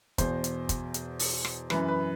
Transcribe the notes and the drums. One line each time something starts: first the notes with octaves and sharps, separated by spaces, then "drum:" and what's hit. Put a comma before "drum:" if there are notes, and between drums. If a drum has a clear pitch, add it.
E2 B2 C5, drum: kick, hi-hat
drum: hi-hat
drum: kick, hi-hat
drum: hi-hat
drum: open hi-hat
drum: rim click
F#2 E3 B4, drum: rim click
B4